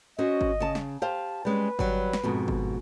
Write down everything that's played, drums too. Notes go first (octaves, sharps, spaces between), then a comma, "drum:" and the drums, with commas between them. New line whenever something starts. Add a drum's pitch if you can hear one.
C#4 F#4 C5 D#5
drum: kick G1
C#3 A5
drum: snare
G4 C5 F5 A5
G3 G#3 C#4 B4
F#3 G3, drum: kick G1
drum: snare
F2 G#2 B2
drum: kick G1